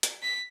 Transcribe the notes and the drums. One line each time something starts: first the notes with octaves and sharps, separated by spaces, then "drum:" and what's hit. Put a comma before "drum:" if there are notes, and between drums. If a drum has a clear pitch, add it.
drum: hi-hat
B6